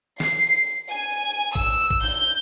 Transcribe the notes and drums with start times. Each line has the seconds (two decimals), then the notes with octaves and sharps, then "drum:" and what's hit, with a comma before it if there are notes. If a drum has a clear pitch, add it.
0.20 C7, drum: snare
0.90 G#5
1.55 E6, drum: kick
1.90 drum: kick
2.04 G6